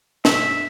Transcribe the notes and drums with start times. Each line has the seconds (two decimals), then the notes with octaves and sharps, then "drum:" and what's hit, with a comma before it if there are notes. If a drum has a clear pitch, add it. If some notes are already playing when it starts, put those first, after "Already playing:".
0.25 E5, drum: snare